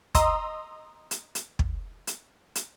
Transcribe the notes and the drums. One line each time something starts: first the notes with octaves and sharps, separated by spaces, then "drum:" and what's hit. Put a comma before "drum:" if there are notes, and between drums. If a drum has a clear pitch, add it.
D#5 A#5 C6 D#6 E6, drum: kick, hi-hat
drum: hi-hat
drum: hi-hat
drum: kick
drum: hi-hat
drum: hi-hat